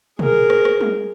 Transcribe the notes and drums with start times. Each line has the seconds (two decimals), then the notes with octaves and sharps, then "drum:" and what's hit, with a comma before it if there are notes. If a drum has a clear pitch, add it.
0.19 G#4 A#4, drum: tom
0.50 drum: rim click
0.65 drum: rim click
0.81 drum: tom